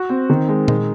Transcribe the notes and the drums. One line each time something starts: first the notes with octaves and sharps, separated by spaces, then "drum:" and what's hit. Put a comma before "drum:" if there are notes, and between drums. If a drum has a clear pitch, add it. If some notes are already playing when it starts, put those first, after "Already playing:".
Already playing: F#4
C4
D#3
G#3
G#3, drum: tom A#2